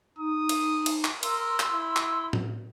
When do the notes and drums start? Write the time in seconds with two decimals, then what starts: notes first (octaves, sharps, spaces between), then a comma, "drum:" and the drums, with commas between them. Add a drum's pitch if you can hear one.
0.18 D#4 D#6
0.49 drum: cymbal
0.86 drum: cymbal
1.04 drum: clap
1.23 A#4 C6 E6, drum: cymbal
1.60 drum: clap
1.72 E4
1.96 drum: clap
2.33 drum: tom A2